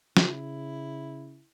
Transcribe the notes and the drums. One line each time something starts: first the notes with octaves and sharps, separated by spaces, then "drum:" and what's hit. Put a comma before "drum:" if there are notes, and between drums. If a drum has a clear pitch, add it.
C#3 E4, drum: snare